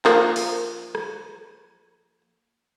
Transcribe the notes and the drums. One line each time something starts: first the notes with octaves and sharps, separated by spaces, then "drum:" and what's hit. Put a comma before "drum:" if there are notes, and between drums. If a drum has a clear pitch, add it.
F3 A#3, drum: clap
drum: open hi-hat
drum: rim click